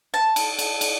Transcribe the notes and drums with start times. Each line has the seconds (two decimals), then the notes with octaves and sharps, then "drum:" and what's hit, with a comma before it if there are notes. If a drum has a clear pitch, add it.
0.14 A5
0.36 drum: cymbal
0.59 drum: cymbal
0.81 drum: cymbal